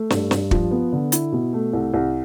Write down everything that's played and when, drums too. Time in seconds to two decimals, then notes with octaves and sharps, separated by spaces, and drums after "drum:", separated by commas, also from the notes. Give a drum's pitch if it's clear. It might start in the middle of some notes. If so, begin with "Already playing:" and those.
Already playing: A3
0.10 G2, drum: snare
0.31 G2, drum: snare
0.51 F3, drum: kick
0.71 B3
0.93 D3
1.12 E4, drum: hi-hat
1.32 B2
1.53 A3
1.73 C2
1.94 C2